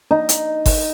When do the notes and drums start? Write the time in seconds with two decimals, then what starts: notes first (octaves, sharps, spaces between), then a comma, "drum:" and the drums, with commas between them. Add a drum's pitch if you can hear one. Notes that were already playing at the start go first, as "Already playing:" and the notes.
0.11 D#4
0.29 drum: hi-hat
0.66 drum: kick G1, open hi-hat